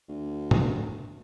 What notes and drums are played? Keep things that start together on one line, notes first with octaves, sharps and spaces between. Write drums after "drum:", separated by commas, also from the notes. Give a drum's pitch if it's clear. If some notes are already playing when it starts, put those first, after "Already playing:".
D2
drum: tom A2